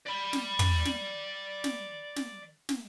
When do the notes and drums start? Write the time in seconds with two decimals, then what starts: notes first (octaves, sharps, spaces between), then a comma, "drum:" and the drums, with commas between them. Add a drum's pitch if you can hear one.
0.07 D5 B5
0.33 drum: snare
0.59 drum: tom
0.85 drum: snare
1.64 drum: snare
2.16 drum: snare
2.69 drum: snare